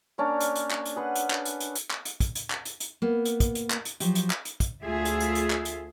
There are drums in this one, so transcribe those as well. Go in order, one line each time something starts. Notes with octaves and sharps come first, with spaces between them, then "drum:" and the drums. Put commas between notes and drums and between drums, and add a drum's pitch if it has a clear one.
A#3 C#4 D4
drum: hi-hat
drum: hi-hat
drum: clap
drum: hi-hat
G#4 B4 F#5
drum: hi-hat
drum: clap
drum: hi-hat
drum: hi-hat
drum: hi-hat
drum: clap
drum: hi-hat
drum: kick, hi-hat
drum: hi-hat
drum: clap
drum: hi-hat
drum: hi-hat
A#3 B3
drum: hi-hat
drum: kick, hi-hat
drum: hi-hat
drum: clap
drum: hi-hat
F3 F#3 G4, drum: hi-hat
drum: hi-hat
drum: clap
drum: hi-hat
drum: kick, hi-hat
D2 A3 F4 G#4 E5
drum: hi-hat
drum: hi-hat
drum: hi-hat
drum: clap
drum: hi-hat